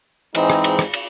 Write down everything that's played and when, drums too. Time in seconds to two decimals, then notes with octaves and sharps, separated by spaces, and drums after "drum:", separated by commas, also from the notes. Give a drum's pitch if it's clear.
0.35 G#2 E3 G#3 C4 D#4, drum: cymbal
0.50 drum: rim click
0.64 drum: cymbal
0.79 drum: rim click
0.94 drum: cymbal